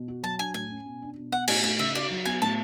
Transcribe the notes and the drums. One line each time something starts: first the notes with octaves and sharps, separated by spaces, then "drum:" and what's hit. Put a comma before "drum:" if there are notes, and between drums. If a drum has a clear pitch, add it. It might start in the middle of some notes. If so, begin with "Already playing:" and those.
Already playing: B2
F#4
F#3 A5
D4 G#5
A2 G#5
C#4
B2
D4
B2
B3 F#5
A2 G#5, drum: cymbal
A3 G#5
C#3 E5
F#4 D5
F#3
B3 G#5
A2 A5